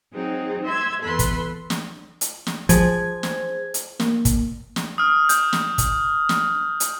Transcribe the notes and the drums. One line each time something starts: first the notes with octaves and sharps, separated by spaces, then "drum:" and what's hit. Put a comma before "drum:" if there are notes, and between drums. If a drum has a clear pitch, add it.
F#3 C4 D#4 G#4
E5 C6 G#6
E2 A4 B4 B5 C6
drum: kick, hi-hat
drum: snare
drum: hi-hat
drum: snare
F3 G#4 C5 G#6, drum: kick, hi-hat
drum: snare
drum: hi-hat
A#3, drum: snare
drum: kick, hi-hat
drum: snare
D#6 F6
G6, drum: hi-hat
drum: snare
drum: kick, hi-hat
drum: snare
drum: hi-hat